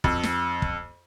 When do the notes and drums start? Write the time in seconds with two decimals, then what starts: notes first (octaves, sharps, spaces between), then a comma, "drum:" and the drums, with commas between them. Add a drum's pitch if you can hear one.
0.04 F2, drum: kick
0.23 drum: snare
0.62 drum: kick